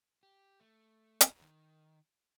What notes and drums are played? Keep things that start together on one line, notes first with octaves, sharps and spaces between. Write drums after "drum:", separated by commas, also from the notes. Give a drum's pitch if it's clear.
G4
A3
drum: hi-hat
D#3